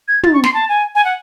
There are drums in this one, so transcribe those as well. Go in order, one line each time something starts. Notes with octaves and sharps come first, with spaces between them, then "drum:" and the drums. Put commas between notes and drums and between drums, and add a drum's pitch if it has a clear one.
G#6
A6, drum: tom
C#6
C6, drum: snare
A5
G#5
G#5
F#5